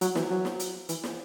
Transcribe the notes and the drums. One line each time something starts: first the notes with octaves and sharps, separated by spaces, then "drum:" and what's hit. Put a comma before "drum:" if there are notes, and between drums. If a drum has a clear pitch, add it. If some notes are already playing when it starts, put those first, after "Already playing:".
F#3, drum: hi-hat
E3, drum: snare
F#3
drum: snare
drum: hi-hat
E3, drum: hi-hat
drum: snare